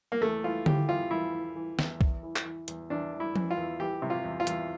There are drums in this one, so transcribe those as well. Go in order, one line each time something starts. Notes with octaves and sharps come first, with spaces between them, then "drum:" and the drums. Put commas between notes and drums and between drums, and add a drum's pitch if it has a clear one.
A#3
E2 A3
E3 F4
E3 G4, drum: tom D3
E2 F4
E2 E4
E3
E3
E2, drum: snare
E2, drum: kick
E3
drum: clap
E3
E2, drum: hi-hat
E2 D4
E3
E4
E3, drum: tom F3
F4
E2
E3 G4
C3
F4
E2
F4
E2, drum: hi-hat